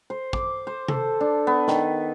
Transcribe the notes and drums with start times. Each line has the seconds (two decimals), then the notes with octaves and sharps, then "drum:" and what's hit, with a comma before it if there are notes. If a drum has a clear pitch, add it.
0.10 C5
0.33 D6, drum: kick
0.67 C5
0.88 A4, drum: tom C3
1.21 D4
1.47 B3
1.68 D#3, drum: snare